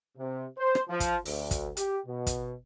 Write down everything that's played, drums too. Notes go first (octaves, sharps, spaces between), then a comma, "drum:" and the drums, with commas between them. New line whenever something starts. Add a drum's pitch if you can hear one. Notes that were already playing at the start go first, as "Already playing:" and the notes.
C3
C5
drum: rim click
F3
drum: kick, hi-hat
D2, drum: open hi-hat
drum: kick, hi-hat
G4, drum: hi-hat
B2
drum: kick, hi-hat